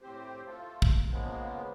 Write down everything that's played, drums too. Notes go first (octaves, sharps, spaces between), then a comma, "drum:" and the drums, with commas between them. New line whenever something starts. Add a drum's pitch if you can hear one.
A2 C4 G4 C5
A3 F4 A4
drum: kick
C#3 F3 G#3 A#3 B3